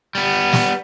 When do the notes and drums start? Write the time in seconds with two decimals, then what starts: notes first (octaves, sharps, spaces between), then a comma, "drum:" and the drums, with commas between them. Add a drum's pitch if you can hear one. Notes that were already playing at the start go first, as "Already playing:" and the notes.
0.15 G3 B3
0.53 drum: snare